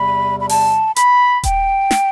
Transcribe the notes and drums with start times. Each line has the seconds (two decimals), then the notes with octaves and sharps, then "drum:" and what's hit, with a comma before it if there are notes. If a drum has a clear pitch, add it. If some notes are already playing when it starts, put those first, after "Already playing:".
Already playing: E2 C3 G3 B5
0.40 B5
0.49 A5, drum: open hi-hat
0.96 B5, drum: hi-hat
1.43 G5, drum: kick D#1, hi-hat
1.91 drum: snare